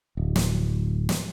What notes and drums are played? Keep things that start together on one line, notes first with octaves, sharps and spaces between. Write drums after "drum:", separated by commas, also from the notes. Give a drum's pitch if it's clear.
D1
drum: snare
drum: snare